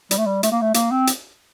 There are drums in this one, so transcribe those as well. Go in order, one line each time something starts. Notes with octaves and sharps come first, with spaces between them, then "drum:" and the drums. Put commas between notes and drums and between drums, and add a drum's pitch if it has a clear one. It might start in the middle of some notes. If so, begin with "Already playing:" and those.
G3, drum: hi-hat
A3
G3
A3, drum: hi-hat
A#3
A3
A#3, drum: hi-hat
C4
drum: hi-hat